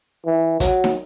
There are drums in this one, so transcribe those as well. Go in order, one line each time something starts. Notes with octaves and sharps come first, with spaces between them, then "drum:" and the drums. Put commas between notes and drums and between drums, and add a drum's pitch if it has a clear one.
E3
F#3, drum: kick, hi-hat
drum: snare